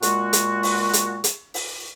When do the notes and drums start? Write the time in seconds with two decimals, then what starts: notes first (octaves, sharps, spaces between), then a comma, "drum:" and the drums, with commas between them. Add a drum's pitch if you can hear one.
0.02 A#2 G#3 F#4, drum: hi-hat
0.33 drum: hi-hat
0.63 drum: open hi-hat
0.93 drum: hi-hat
1.24 drum: hi-hat
1.54 drum: open hi-hat